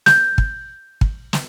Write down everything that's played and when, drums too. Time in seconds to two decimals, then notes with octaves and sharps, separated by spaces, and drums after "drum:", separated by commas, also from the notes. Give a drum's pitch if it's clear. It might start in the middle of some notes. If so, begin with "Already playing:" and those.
0.06 G6, drum: snare
0.38 drum: kick
1.01 drum: kick
1.33 drum: snare